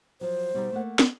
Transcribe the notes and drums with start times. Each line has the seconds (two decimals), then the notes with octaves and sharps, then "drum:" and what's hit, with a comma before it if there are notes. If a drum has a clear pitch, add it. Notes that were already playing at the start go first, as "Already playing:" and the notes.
0.21 F3 F#3 C5
0.54 B2 G3 D#4
0.72 A3 A#3 F#5
0.99 drum: snare